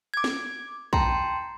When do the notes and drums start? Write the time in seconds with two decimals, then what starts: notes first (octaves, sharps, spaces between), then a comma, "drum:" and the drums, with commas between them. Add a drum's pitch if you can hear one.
0.14 D6 G#6
0.24 drum: snare
0.93 G5 A5 A#5 C6, drum: kick